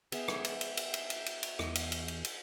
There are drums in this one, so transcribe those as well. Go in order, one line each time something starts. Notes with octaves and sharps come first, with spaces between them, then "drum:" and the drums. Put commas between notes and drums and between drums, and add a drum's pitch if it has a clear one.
B3 G#4 E5 G5, drum: cymbal
drum: rim click
drum: cymbal
drum: cymbal
drum: cymbal
drum: cymbal
drum: cymbal
drum: cymbal
drum: cymbal
E2 D#5, drum: rim click
drum: cymbal
drum: cymbal
drum: cymbal
drum: cymbal